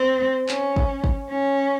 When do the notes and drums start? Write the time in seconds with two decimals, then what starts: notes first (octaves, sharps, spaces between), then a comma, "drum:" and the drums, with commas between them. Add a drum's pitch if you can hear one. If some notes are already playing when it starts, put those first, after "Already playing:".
Already playing: C4
0.49 C#4, drum: clap
0.76 drum: kick
1.04 drum: kick
1.31 C#4